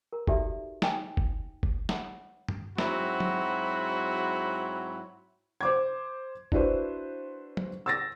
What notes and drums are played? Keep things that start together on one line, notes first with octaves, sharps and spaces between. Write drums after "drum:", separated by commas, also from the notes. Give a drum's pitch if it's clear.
A#4 A#5
D#4 F#4 G4 A4 D5 E5, drum: kick F#1
D#4 C#5 G5 G#5, drum: snare
drum: kick F#1
drum: kick F#1
C#5 F#5 B5, drum: snare
drum: tom
G#2 F#3 C4 E4 F#4 B5, drum: snare
drum: tom
C5 D6 G#6
D4 E4 F#4 B4 C5, drum: kick F#1
drum: tom
E6 A6 A#6